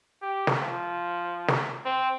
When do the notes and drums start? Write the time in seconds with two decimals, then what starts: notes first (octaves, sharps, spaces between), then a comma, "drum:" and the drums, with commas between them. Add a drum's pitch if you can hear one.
0.22 G4
0.47 drum: snare
0.61 F3
1.48 drum: snare
1.85 C4